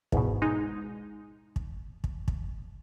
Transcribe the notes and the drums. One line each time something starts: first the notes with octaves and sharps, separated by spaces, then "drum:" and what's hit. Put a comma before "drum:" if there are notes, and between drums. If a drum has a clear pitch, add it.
E2 G#2 B2, drum: kick
G#3 D#4
drum: kick
drum: kick
drum: kick